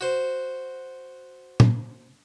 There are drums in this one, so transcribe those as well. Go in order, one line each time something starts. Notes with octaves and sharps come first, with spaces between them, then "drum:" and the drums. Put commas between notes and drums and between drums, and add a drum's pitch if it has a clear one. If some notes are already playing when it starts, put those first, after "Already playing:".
F#4 C5
drum: tom A#2